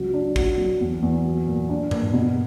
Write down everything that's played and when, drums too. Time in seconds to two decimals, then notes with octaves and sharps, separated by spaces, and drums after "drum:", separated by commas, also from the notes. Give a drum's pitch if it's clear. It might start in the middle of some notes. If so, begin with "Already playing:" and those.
Already playing: C#2 F#3
0.14 D4
0.36 F#3, drum: kick
0.57 F#3
0.80 E2
1.02 E2
1.25 F#3
1.47 A#2
1.69 D4
1.91 A#2, drum: tom G2
2.13 B2